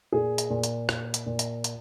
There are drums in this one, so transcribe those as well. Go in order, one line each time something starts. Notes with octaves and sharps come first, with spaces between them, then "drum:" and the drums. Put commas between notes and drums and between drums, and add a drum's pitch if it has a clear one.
A#2 G#4
drum: hi-hat
A#2
drum: hi-hat
A#2, drum: rim click
drum: hi-hat
A#2
drum: hi-hat
drum: hi-hat